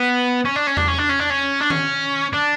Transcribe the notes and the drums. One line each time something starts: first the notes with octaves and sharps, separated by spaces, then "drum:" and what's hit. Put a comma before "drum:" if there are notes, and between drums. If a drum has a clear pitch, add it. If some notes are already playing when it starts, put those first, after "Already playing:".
Already playing: B3
C#4
D4
C#4
D4, drum: tom E2
C#4
D4
C#4
D4
C#4
D4
C#4, drum: tom D#3
D4